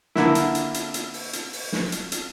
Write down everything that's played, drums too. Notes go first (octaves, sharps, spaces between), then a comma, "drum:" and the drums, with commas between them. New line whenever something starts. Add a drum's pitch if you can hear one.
D3 A#3 E4, drum: snare
drum: hi-hat
drum: hi-hat
drum: hi-hat
drum: hi-hat
drum: open hi-hat
drum: hi-hat
drum: open hi-hat
drum: snare
drum: hi-hat
drum: hi-hat